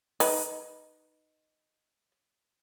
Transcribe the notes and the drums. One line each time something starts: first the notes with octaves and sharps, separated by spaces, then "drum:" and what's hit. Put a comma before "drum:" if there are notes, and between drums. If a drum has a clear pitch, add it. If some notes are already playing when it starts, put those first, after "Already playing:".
D#4 B4, drum: open hi-hat